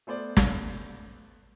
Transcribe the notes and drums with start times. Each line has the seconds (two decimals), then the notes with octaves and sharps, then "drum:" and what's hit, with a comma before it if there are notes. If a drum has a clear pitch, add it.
0.07 A3 B3 C5 D5
0.37 drum: snare